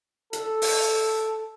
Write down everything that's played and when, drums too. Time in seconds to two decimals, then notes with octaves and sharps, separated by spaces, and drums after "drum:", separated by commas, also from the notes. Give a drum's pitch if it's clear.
0.33 A4, drum: hi-hat
0.62 drum: open hi-hat